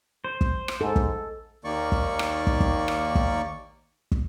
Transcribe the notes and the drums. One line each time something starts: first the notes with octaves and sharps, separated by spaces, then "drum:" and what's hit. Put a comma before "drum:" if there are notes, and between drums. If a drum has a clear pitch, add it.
C5
drum: kick
drum: rim click
G#2 A4
drum: kick
D#2 D#3 A#3 D5 C#6
drum: kick
drum: rim click
drum: kick
drum: kick
drum: rim click
drum: kick
drum: kick